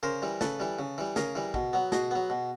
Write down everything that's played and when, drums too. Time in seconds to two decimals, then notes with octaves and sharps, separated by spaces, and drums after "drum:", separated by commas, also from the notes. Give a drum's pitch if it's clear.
0.03 C#3 A#4 C5
0.22 E3 G3
0.41 C#3 A4 B4, drum: snare
0.60 E3 G3
0.79 C#3
0.98 E3 G3
1.16 C#3 G#4 A#4, drum: snare
1.35 E3 G3
1.54 B2, drum: kick
1.73 F#3 B3
1.92 B2 F#4 G#4, drum: snare
2.11 F#3 B3
2.30 B2